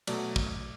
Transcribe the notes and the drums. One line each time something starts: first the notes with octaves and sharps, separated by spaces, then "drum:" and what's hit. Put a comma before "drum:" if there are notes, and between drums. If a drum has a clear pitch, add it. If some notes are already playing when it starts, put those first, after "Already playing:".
B2 F#3 A3 D5, drum: cymbal
drum: kick